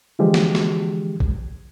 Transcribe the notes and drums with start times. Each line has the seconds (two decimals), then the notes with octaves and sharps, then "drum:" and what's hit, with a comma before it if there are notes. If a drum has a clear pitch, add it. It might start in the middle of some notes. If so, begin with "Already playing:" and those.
0.19 D3 E3 F3 G#3 G4
0.34 drum: snare
0.55 drum: snare
1.20 drum: kick